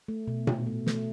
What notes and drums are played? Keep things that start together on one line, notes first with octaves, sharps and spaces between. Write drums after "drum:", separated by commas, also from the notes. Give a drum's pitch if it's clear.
A3
B2
B2, drum: tom A#2
A3
A3, drum: snare